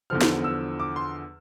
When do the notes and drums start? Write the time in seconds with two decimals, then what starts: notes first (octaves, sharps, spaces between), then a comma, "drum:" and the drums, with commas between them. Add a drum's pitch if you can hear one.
0.10 E2 D3 F3 F6
0.21 drum: snare
0.44 E6
0.80 D6
0.96 C6